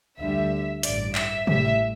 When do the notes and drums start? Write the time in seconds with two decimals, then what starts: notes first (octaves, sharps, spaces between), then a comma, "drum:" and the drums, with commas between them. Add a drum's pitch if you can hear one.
0.19 D2 D3 G3 E5
0.83 A1 G2 E3 D5, drum: hi-hat
1.15 E5, drum: clap
1.47 A1 A2 G3 E5, drum: tom C3